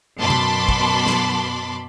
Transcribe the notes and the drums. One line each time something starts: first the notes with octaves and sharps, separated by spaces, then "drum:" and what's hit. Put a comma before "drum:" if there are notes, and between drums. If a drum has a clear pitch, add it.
F#2 B2 A5 B5 C6 D6
drum: tom B2
drum: kick
drum: snare